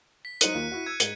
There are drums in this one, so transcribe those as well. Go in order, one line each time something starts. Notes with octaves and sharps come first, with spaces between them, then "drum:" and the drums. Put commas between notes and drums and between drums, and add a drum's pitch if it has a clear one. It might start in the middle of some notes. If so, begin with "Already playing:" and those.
B6
F#3 D#4 C5 F#6 C#7 D#7, drum: hi-hat
D#2 F4 A#4
E4 F#4
E6 G#6
G#2, drum: hi-hat